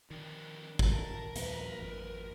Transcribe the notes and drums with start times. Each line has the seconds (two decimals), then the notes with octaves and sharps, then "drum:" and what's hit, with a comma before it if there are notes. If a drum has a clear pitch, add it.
0.11 F2 D#3 D4
0.79 drum: kick
0.91 A#4 A5
1.36 D#2 A#2 F3 B4, drum: hi-hat
1.79 G#1 F2